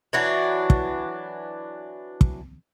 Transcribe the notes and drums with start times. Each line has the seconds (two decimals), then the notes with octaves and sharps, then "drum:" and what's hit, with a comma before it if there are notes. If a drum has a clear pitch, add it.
0.13 E3 F#3 D4 F#4
0.70 drum: kick
2.21 drum: kick